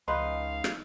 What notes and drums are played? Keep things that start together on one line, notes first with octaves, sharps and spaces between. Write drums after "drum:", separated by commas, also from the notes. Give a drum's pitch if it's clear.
C#2 D#4 B4 F5 C6
drum: rim click